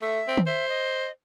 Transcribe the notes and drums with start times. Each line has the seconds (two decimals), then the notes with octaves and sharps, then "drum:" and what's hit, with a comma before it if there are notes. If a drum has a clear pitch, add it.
0.02 A3 E5
0.28 C4
0.37 drum: tom D#3
0.47 C5 E5
0.69 D#5